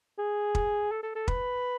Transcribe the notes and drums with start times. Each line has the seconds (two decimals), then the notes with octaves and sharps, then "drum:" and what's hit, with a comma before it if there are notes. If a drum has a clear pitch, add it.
0.18 G#4
0.55 drum: kick
0.91 A4
1.03 A4
1.15 A4
1.28 B4, drum: kick